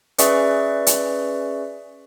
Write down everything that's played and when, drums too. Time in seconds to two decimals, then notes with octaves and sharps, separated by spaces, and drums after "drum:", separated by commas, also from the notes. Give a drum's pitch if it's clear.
0.18 C#4 G#4 B4 D5 E5 C#6, drum: hi-hat
0.87 drum: hi-hat